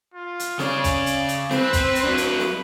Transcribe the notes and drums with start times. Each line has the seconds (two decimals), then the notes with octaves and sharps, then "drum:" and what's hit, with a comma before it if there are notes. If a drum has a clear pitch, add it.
0.14 F4
0.40 drum: hi-hat
0.59 C#3 C#5 D5, drum: snare
0.84 drum: kick, hi-hat
1.06 drum: hi-hat
1.28 drum: hi-hat
1.51 C4 B4, drum: snare
1.73 drum: kick, hi-hat
1.95 drum: hi-hat
2.04 F#3 D4
2.17 drum: hi-hat
2.40 drum: snare